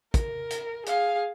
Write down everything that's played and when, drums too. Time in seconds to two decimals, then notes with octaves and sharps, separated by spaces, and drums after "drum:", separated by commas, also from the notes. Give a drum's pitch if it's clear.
0.14 A#4, drum: kick, hi-hat
0.50 drum: hi-hat
0.86 G#4 F5, drum: hi-hat